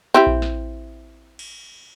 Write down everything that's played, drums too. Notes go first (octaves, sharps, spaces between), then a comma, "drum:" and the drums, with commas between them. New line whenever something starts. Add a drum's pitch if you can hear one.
C4 E4 G4
drum: kick A#1
drum: snare
drum: cymbal